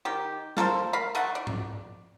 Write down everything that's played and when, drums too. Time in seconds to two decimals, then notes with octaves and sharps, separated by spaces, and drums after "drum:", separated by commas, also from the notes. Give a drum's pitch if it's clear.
0.05 D#3 G4
0.57 F4 A4 A#4 C5, drum: snare
0.93 A#4 F5 B5
1.15 D3 D#3 A3 F#5, drum: hi-hat
1.35 D5
1.47 drum: tom G#2